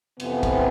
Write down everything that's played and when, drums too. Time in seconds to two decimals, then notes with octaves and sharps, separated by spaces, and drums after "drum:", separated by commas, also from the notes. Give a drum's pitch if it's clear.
0.20 F2 C3 E3 B3, drum: cymbal
0.43 drum: kick, cymbal